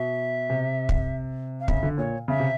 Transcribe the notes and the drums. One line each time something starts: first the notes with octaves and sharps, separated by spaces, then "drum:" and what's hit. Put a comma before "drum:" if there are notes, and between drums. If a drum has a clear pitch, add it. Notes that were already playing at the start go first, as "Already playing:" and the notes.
Already playing: B2 E5
C3
drum: kick
F5
C#3 E5, drum: kick
D3
A#2 C#5
C#3 E5
C3